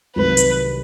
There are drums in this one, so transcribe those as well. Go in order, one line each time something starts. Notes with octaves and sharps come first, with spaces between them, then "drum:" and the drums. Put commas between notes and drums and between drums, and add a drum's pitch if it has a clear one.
C2 C3 D#3 F#3 B4
drum: hi-hat